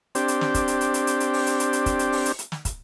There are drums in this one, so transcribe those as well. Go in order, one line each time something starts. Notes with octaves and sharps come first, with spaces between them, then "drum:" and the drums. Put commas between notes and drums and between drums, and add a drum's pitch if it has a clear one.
C4 D4 G4, drum: hi-hat
drum: hi-hat
drum: snare
drum: kick, hi-hat
drum: hi-hat
drum: hi-hat
drum: hi-hat
drum: hi-hat
drum: hi-hat
drum: open hi-hat
drum: hi-hat
drum: hi-hat
drum: hi-hat
drum: kick, hi-hat
drum: hi-hat
drum: open hi-hat
drum: hi-hat
drum: hi-hat
drum: snare
drum: kick, hi-hat